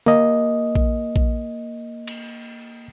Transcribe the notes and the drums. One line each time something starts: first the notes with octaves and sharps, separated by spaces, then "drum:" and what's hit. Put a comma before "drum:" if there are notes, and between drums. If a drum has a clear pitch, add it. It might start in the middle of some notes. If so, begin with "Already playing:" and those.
A#3 D#5, drum: tom
drum: kick A#1
drum: kick A#1
drum: cymbal